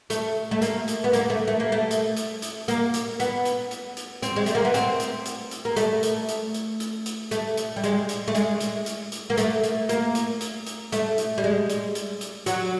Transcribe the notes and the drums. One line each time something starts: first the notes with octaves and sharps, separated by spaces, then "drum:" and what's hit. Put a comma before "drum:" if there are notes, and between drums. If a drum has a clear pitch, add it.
A3, drum: hi-hat
A3
A#3, drum: hi-hat
drum: hi-hat
B3
A#3, drum: hi-hat
A3
A3
A#3
A3
drum: hi-hat
drum: hi-hat
drum: hi-hat
A#3, drum: hi-hat
drum: hi-hat
B3, drum: hi-hat
drum: hi-hat
drum: hi-hat
drum: hi-hat
C4, drum: hi-hat
G#3
A3, drum: hi-hat
A#3
B3
C4, drum: hi-hat
drum: hi-hat
drum: hi-hat
drum: hi-hat
A#3
A3, drum: hi-hat
drum: hi-hat
drum: hi-hat
drum: hi-hat
drum: hi-hat
drum: hi-hat
A3, drum: hi-hat
drum: hi-hat
G3
G#3, drum: hi-hat
drum: hi-hat
A3
G#3, drum: hi-hat
drum: hi-hat
drum: hi-hat
drum: hi-hat
A#3
A3, drum: hi-hat
drum: hi-hat
A#3, drum: hi-hat
drum: hi-hat
drum: hi-hat
drum: hi-hat
A3, drum: hi-hat
drum: hi-hat
G3
G#3
drum: hi-hat
drum: hi-hat
drum: hi-hat
F#3, drum: hi-hat